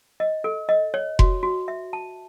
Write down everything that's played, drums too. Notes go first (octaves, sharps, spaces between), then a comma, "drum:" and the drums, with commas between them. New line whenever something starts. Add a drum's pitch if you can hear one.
D#5
A4
D#5
C#5
F#4, drum: kick F1
F#4
E5
A5